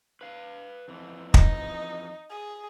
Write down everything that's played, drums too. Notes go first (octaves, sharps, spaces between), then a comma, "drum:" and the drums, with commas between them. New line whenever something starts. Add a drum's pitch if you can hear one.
B4 F5
F2 E3
D#4, drum: kick
G#4